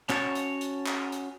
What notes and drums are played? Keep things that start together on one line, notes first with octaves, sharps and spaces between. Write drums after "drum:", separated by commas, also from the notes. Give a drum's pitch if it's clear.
C#4 F#4 C#5 A5, drum: clap
drum: hi-hat
drum: hi-hat
drum: clap
drum: hi-hat